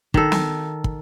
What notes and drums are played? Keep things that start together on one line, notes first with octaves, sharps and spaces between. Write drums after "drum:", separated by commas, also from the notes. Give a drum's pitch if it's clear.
D#3 A4, drum: kick
drum: snare
drum: kick